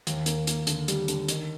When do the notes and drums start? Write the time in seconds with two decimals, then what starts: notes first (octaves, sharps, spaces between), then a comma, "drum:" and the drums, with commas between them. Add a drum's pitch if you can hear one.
0.07 D#2, drum: hi-hat
0.26 A#3, drum: hi-hat
0.47 A#3, drum: hi-hat
0.67 D3, drum: hi-hat
0.88 G3, drum: hi-hat
1.08 D3, drum: hi-hat
1.28 D#3, drum: hi-hat